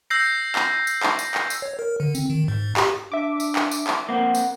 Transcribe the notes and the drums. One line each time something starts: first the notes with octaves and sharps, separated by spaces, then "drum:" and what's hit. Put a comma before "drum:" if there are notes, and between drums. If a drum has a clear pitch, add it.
E6 G6 A#6 C7
drum: clap
drum: tambourine
drum: clap
drum: tambourine
drum: clap
drum: tambourine
C#5
A#4
D3
C4, drum: tambourine
D#3
G#2
G4, drum: clap
D4 E5 D6
drum: tambourine
drum: clap
drum: tambourine
drum: clap
A#3 C4 F#5
drum: tambourine